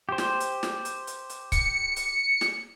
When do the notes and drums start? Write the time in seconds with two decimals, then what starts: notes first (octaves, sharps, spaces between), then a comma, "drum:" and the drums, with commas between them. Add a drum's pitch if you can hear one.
0.09 G4 C5
0.18 drum: snare
0.40 drum: hi-hat
0.63 drum: snare
0.85 drum: hi-hat
1.07 drum: hi-hat
1.30 drum: hi-hat
1.52 C#7, drum: kick C#1, hi-hat
1.96 drum: hi-hat
2.41 drum: snare